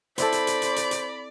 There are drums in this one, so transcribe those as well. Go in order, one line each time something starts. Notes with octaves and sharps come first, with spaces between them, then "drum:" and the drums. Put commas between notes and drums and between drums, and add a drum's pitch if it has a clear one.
C4 E4 A4 C5 D5 B5, drum: hi-hat
drum: hi-hat
drum: hi-hat
drum: hi-hat
drum: hi-hat
drum: hi-hat